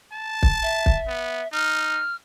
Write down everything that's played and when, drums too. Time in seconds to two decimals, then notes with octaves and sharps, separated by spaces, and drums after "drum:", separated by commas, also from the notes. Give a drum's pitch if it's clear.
0.13 A5
0.43 drum: kick
0.63 E5
0.86 drum: kick
1.08 B3
1.53 D#4 F6